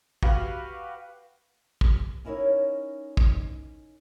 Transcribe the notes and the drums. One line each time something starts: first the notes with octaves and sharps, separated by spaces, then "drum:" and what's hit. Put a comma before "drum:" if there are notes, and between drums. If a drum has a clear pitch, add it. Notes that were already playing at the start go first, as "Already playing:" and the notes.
F#4 G4 B4 F5, drum: kick
drum: kick
C#4 D#4 E4 A#4 C#5
drum: kick